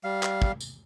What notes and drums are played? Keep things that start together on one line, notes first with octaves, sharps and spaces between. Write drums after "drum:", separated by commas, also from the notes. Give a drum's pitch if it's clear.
G3 F5
drum: clap
drum: kick
drum: tambourine